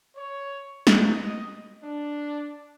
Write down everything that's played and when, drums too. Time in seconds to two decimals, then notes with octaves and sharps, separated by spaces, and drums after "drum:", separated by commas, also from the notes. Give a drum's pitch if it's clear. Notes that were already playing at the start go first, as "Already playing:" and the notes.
0.15 C#5
0.87 D#5, drum: snare
1.82 D4